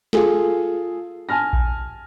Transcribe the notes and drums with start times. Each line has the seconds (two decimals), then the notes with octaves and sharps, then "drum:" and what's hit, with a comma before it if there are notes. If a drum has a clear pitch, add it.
0.13 F4 G#4 A4, drum: snare
1.29 G#5 A5 F6 A#6
1.53 drum: kick A#1